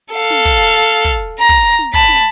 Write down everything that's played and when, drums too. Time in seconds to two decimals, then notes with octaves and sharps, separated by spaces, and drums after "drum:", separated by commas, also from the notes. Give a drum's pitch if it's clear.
0.14 A4 F5, drum: hi-hat
0.30 drum: snare
0.45 drum: kick, hi-hat
0.60 drum: hi-hat
0.75 drum: hi-hat
0.90 drum: open hi-hat
1.05 drum: kick, hi-hat
1.19 drum: hi-hat
1.39 A#5
1.49 drum: kick, hi-hat
1.64 drum: open hi-hat
1.79 drum: snare
1.94 A5 B5, drum: kick, hi-hat
2.08 drum: snare